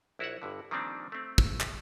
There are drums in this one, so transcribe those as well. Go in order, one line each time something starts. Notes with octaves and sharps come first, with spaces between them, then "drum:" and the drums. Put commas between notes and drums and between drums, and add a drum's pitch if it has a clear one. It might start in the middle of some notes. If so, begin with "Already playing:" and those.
A#1 E4 F#4 C#5 E5 F#5
G1 G2 D3
D#3 F3 G3 A#3 C4 D4
A3 C4
drum: kick
drum: clap